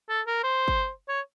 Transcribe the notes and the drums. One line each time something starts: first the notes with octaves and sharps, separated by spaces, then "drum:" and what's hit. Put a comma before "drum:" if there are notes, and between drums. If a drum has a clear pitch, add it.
A4
A#4
C5
drum: kick
C#5